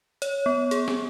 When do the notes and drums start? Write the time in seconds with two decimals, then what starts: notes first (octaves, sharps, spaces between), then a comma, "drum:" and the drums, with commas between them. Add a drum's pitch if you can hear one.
0.22 C#5, drum: hi-hat
0.46 B3
0.71 G#4, drum: hi-hat
0.88 drum: snare